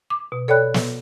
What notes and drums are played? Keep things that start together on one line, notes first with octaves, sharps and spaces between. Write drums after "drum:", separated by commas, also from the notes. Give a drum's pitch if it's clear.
D6
B2
A4 C#5 D5 G5 B5 F#6
drum: snare